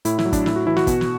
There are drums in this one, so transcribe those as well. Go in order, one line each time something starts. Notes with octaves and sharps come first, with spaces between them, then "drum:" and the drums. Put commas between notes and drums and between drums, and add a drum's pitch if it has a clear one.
A2 E4, drum: hi-hat
E4, drum: snare
F#3
D4, drum: kick, hi-hat
A2 E4, drum: snare
F#4
E3 E4
F#4, drum: snare
B2, drum: kick, hi-hat
drum: snare